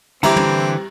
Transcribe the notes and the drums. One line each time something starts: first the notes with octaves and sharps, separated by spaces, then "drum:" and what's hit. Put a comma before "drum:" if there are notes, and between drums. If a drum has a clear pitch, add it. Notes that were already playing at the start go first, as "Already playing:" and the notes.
D3 E3 G3 C4 E4 E5 A#5 D6, drum: cymbal
drum: tom